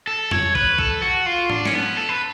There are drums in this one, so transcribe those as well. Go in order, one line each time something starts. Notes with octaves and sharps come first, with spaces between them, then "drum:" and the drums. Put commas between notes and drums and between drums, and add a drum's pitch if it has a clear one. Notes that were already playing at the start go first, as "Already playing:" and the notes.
A4
C#5, drum: tom F2
B4, drum: kick A#1
A4, drum: kick A#1
F#4
F4
D4, drum: tom G#2
C#4, drum: snare
B3
A4
B4